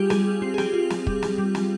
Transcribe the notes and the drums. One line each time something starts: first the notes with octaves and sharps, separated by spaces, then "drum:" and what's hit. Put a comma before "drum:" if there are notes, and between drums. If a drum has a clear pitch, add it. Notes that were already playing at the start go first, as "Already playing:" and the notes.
Already playing: G3 F4 G4 G#4
G3 G#4, drum: snare
C4
G#4
G4, drum: snare
F4
drum: snare
G3, drum: kick
drum: snare
G3
drum: snare